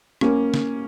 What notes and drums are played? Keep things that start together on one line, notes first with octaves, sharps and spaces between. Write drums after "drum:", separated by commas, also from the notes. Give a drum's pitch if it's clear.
A#3 C#4, drum: rim click
drum: snare